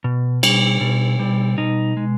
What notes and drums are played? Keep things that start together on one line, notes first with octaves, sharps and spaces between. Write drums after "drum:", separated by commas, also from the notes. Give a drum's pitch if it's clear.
B2
G3, drum: cymbal
B2
G3
B2 D#4
G#3